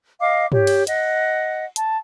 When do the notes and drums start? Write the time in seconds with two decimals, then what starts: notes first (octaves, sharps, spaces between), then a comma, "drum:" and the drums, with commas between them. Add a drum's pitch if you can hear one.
0.20 D#5 F5 D6
0.52 G4 C#5, drum: tom
0.67 drum: cymbal
0.87 D#5 F#5, drum: hi-hat
1.76 A5, drum: hi-hat